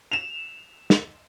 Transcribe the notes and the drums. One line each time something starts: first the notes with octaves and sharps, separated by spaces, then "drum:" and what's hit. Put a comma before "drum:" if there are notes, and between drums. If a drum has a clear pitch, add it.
E7 F7
drum: snare